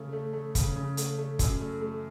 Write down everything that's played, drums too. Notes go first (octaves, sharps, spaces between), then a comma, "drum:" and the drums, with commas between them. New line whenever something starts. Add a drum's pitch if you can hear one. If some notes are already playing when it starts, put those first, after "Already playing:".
Already playing: C#3 A3
A3
A3
C#3, drum: kick, hi-hat
C#3
A3, drum: hi-hat
A3
F#2, drum: kick, hi-hat
A3
A3